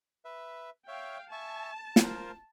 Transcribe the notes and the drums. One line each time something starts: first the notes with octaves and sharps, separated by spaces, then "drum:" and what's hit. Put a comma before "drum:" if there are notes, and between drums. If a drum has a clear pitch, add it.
B4 E5
C#5 E5 F5 G5
E5 G#5 A5 C#6
F4 A#4 C5, drum: snare